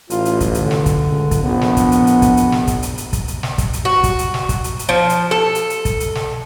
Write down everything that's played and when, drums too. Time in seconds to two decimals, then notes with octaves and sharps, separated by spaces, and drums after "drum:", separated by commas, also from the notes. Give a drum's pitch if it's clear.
0.10 A1 F4, drum: hi-hat
0.25 drum: hi-hat
0.40 drum: kick, hi-hat
0.54 D3, drum: hi-hat
0.71 drum: snare
0.86 drum: kick, hi-hat
1.10 C#2
1.31 drum: kick, hi-hat
1.43 A#1 B3
1.61 drum: snare
1.77 drum: kick, hi-hat
1.92 drum: hi-hat
2.07 drum: hi-hat
2.22 drum: kick, hi-hat
2.37 drum: hi-hat
2.52 drum: snare
2.67 drum: kick, hi-hat
2.83 drum: hi-hat
2.98 drum: hi-hat
3.13 drum: kick, hi-hat
3.28 drum: hi-hat
3.43 drum: snare
3.58 drum: kick, hi-hat
3.73 drum: hi-hat
3.85 F#4
4.04 drum: kick, hi-hat
4.19 drum: hi-hat
4.34 drum: snare
4.49 drum: kick, hi-hat
4.64 drum: hi-hat
4.79 drum: hi-hat
4.89 F3
5.09 drum: hi-hat
5.31 A4
5.55 drum: hi-hat
5.70 drum: hi-hat
5.85 drum: kick, hi-hat
6.00 drum: hi-hat
6.15 drum: snare